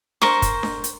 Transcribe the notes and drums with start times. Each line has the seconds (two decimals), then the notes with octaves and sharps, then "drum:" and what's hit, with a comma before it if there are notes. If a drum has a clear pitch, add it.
0.22 A#4 C5 C#6, drum: snare D4
0.42 drum: kick, hi-hat
0.63 drum: snare D4
0.84 drum: hi-hat